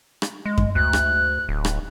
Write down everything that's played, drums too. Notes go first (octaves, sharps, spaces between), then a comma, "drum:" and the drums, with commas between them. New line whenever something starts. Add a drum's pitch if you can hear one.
drum: rim click
G#3
drum: kick F#2
D2 F#6
drum: rim click
D1
drum: rim click